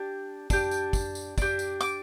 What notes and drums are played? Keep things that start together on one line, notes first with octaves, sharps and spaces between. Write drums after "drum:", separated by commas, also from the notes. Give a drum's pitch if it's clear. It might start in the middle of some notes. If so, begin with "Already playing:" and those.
Already playing: D4 G4
D4 G4, drum: kick, tambourine
drum: tambourine
drum: kick, tambourine
drum: tambourine
D4 G4, drum: kick, tambourine
drum: tambourine
D6, drum: tambourine